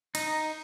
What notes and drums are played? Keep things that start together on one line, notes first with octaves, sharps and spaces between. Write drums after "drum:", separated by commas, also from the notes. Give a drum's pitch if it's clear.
D#4, drum: cymbal